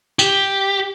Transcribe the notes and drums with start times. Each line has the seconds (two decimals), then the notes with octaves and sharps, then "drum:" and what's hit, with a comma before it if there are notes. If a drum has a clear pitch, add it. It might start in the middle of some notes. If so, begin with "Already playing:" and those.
0.19 G4, drum: tambourine